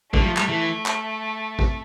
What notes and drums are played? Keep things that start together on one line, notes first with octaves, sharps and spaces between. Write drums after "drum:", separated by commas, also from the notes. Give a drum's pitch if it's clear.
D3 A3, drum: kick
G3
F3
G3, drum: clap
E3
drum: clap
drum: kick